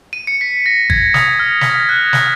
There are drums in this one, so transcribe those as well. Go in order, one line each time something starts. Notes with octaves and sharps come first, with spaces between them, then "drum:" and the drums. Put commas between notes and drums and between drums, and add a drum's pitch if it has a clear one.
D#7
C#7
B6
A#6
G#6, drum: kick G#1
D#6, drum: snare
F6
B6, drum: snare
A#6
G#6
F#6
drum: snare